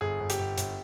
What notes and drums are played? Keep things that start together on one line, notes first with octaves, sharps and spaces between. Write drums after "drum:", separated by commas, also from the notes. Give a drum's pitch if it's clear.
G1 G#4
G1
G4, drum: hi-hat
G1
G1, drum: hi-hat